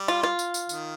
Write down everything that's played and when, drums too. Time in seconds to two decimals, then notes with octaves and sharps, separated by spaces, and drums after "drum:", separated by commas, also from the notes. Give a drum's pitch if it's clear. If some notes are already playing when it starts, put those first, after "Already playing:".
Already playing: G3
0.08 F4
0.23 F4, drum: rim click
0.39 drum: tambourine
0.54 drum: tambourine
0.69 D#3, drum: tambourine